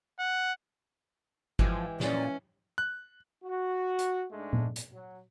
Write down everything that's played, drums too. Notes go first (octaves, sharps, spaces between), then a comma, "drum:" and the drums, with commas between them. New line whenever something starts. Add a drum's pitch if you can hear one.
F#5
E3 F3 G#3 G4, drum: kick G1
A#2 C#4 D5, drum: snare
F#6
F#4
drum: hi-hat
G#2 G#3 A3 D4
drum: tom A#2
drum: hi-hat
F#3